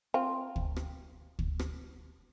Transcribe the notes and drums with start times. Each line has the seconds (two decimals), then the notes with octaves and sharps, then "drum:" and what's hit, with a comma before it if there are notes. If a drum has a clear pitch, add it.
0.14 C4 F4
0.56 drum: kick D2
0.76 drum: rim click
1.39 drum: kick D2
1.59 drum: rim click